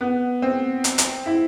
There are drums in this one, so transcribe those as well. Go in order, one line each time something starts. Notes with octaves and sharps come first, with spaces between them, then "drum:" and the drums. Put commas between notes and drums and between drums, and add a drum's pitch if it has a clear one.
B3
C4
drum: hi-hat
drum: hi-hat
E4